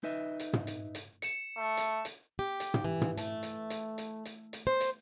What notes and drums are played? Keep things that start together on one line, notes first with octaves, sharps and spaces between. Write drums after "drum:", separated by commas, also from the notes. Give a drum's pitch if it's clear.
D#4 B4 D#5 E5
drum: hi-hat
drum: tom
drum: hi-hat
drum: hi-hat
C#7 E7, drum: hi-hat
A3
drum: hi-hat
drum: hi-hat
G4
drum: hi-hat
drum: tom
E3
drum: tom
A3, drum: hi-hat
drum: hi-hat
drum: hi-hat
drum: hi-hat
drum: hi-hat
drum: hi-hat
C5
drum: hi-hat